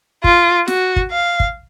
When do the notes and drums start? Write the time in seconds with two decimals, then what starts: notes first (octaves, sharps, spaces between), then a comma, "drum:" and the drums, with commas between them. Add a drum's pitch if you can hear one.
0.24 F4, drum: kick
0.68 F#4, drum: snare
0.96 drum: kick
1.11 F5
1.40 drum: kick